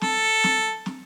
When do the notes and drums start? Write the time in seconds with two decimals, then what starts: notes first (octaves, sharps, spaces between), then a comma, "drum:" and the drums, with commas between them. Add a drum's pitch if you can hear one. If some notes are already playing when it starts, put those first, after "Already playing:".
0.01 A4, drum: snare
0.44 drum: snare
0.86 drum: snare